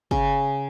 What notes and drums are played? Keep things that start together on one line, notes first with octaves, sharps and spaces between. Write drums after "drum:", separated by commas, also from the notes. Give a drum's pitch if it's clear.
C#3, drum: kick